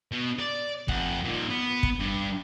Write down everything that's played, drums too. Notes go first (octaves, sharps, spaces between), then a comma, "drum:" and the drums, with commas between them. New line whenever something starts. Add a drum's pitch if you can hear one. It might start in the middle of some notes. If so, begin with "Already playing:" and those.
B2
D5
F2 F#5, drum: kick
A#2 D#3
B3
drum: kick
G2